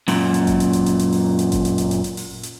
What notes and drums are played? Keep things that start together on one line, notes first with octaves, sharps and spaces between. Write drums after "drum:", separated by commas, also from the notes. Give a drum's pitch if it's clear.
F#2 A#2, drum: open hi-hat
drum: hi-hat
drum: kick G1, hi-hat
drum: hi-hat
drum: hi-hat
drum: hi-hat
drum: hi-hat
drum: open hi-hat
drum: hi-hat
drum: kick G1, hi-hat
drum: hi-hat
drum: hi-hat
drum: hi-hat
drum: hi-hat
drum: open hi-hat
drum: hi-hat